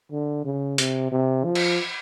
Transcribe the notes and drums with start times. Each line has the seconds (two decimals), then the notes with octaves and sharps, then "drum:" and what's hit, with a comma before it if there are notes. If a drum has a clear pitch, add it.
0.11 D3
0.45 C#3
0.78 C3, drum: hi-hat
1.12 C3
1.45 F3
1.55 drum: cymbal